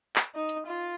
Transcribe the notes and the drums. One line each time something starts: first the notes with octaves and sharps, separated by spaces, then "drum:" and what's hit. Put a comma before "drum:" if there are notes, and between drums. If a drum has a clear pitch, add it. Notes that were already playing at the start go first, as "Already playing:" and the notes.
drum: clap
D#4
drum: hi-hat
F4